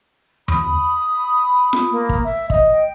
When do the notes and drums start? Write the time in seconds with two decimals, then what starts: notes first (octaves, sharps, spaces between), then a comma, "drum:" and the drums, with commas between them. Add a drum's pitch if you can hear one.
0.48 B5 D#6, drum: tom E2
1.73 drum: snare
1.91 A#3
2.09 drum: kick
2.24 E5
2.50 D#5, drum: kick
2.69 G5